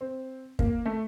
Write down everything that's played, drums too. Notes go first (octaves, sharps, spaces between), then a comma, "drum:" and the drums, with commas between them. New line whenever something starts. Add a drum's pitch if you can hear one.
C4
A#3, drum: kick
A3